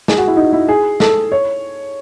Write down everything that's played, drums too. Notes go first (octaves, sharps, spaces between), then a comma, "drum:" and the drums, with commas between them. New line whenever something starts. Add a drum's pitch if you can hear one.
G#4, drum: snare
F#4
E4
D#4
E4
G#4
A4, drum: snare
C#5